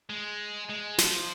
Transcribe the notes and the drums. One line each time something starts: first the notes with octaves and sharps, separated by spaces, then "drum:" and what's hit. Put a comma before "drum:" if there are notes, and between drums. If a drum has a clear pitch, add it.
G#3
G#3
F3, drum: snare